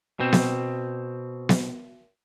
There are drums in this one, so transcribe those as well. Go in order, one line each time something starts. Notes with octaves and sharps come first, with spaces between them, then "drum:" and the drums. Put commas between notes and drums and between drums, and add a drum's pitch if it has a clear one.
B2 C4
drum: snare B3
drum: snare B3